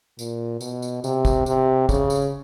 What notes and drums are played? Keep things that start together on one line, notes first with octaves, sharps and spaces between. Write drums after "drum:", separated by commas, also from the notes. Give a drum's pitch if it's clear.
A#2, drum: tambourine
B2, drum: tambourine
drum: tambourine
C3, drum: tambourine
drum: kick, tambourine
C3, drum: tambourine
C#3, drum: kick, tambourine
drum: tambourine